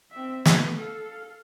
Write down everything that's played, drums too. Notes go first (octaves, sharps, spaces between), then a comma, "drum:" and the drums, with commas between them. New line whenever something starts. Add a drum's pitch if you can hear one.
C4 E5
A3 B3, drum: snare
A4 F5